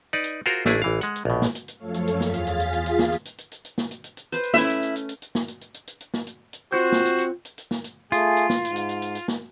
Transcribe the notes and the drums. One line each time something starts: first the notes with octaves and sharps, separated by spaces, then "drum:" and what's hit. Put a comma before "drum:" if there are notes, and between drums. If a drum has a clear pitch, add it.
D#4 B4 D5
drum: hi-hat
F4 F#4 G#4 A#4 C5
A1 A3 D4 E4 G#4, drum: snare
A1 E3 F5
G#3 F#5, drum: hi-hat
drum: hi-hat
A#1 B2
drum: snare
drum: hi-hat
drum: hi-hat
F#2 F3 A3 A4 C#5 F5
drum: hi-hat
drum: hi-hat
E2 F4 G#4 F5 A6 B6, drum: snare
drum: hi-hat
drum: hi-hat
drum: hi-hat
drum: hi-hat
drum: hi-hat
drum: snare
drum: hi-hat
drum: hi-hat
drum: hi-hat
drum: hi-hat
drum: hi-hat
drum: snare
drum: hi-hat
drum: hi-hat
drum: hi-hat
B4 C5, drum: hi-hat
drum: hi-hat
A3 C#4 E4 E5, drum: snare
drum: hi-hat
drum: hi-hat
drum: hi-hat
drum: hi-hat
drum: hi-hat
drum: snare
drum: hi-hat
drum: hi-hat
drum: hi-hat
drum: hi-hat
drum: hi-hat
drum: snare
drum: hi-hat
drum: hi-hat
C4 F4 F#4 C5 G6
drum: snare
drum: hi-hat
drum: hi-hat
drum: hi-hat
drum: hi-hat
drum: snare
drum: hi-hat
A3 F4 G#4 G#5, drum: hi-hat
drum: hi-hat
drum: snare
G#2, drum: hi-hat
drum: hi-hat
drum: hi-hat
drum: hi-hat
drum: hi-hat
drum: snare